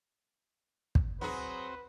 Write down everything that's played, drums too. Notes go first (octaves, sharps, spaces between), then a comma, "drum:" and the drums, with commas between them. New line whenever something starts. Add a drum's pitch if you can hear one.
drum: kick
F#3 C4 F#4 G#4 B4 C5